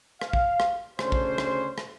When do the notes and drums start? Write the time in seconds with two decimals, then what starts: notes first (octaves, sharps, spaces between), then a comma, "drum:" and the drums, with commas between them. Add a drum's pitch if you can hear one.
0.21 F5, drum: rim click
0.33 drum: kick
0.60 drum: rim click
0.99 D2 C#3 A3 C#4 D4 C5, drum: rim click
1.12 drum: kick
1.38 drum: rim click
1.78 drum: rim click